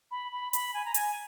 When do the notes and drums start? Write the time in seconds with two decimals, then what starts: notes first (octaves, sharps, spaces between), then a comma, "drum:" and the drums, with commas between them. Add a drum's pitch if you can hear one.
0.11 B5
0.32 B5
0.53 B5, drum: hi-hat
0.74 G#5
0.85 A#5
0.94 G#5, drum: hi-hat